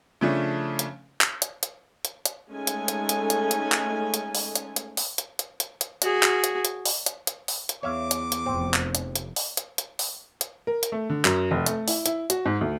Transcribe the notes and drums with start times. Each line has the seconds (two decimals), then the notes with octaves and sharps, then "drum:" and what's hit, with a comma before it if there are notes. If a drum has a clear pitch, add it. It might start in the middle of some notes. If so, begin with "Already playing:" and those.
0.21 C#3 F3 A3 C#4 D4
0.79 drum: hi-hat
1.21 drum: clap
1.42 drum: hi-hat
1.63 drum: hi-hat
2.05 drum: hi-hat
2.25 drum: hi-hat
2.50 G#3 A3 C#4 D#4 A4 G#5
2.67 drum: hi-hat
2.88 drum: hi-hat
3.09 drum: hi-hat
3.30 drum: hi-hat
3.51 drum: hi-hat
3.72 drum: clap
4.14 drum: hi-hat
4.35 drum: open hi-hat
4.55 drum: hi-hat
4.76 drum: hi-hat
4.97 drum: open hi-hat
5.18 drum: hi-hat
5.39 drum: hi-hat
5.60 drum: hi-hat
5.81 drum: hi-hat
6.02 F#4 G#4, drum: hi-hat
6.23 drum: clap
6.44 drum: hi-hat
6.65 drum: hi-hat
6.86 drum: open hi-hat
7.06 drum: hi-hat
7.27 drum: hi-hat
7.48 drum: open hi-hat
7.69 drum: hi-hat
7.83 E2 C#5 E5 F5 D6
8.11 drum: hi-hat
8.32 drum: hi-hat
8.46 F1 C4
8.74 drum: clap
8.95 drum: hi-hat
9.16 drum: hi-hat
9.36 drum: open hi-hat
9.57 drum: hi-hat
9.78 drum: hi-hat
9.99 drum: open hi-hat
10.41 drum: hi-hat
10.67 A#4
10.83 drum: hi-hat
10.92 A3
11.10 D3
11.25 F#2, drum: clap
11.51 F1
11.66 A3, drum: hi-hat
11.88 E4, drum: open hi-hat
12.06 E4, drum: hi-hat
12.30 F#4, drum: hi-hat
12.46 G#2
12.61 D2